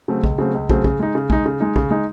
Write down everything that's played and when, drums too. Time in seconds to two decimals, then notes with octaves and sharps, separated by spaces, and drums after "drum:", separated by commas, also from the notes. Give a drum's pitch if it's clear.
0.08 C#3 F#3 A3 C4
0.24 C#2, drum: kick
0.38 C#3 F#3 A3 C4
0.54 C#2
0.69 C#3 F#3 A3 C4, drum: kick
0.84 C#3, drum: kick
1.00 G#3 D#4
1.15 C#3
1.30 G#3 D#4, drum: kick
1.46 C#3
1.60 G#3 D#4
1.76 C#3, drum: kick
1.91 G#3 D#4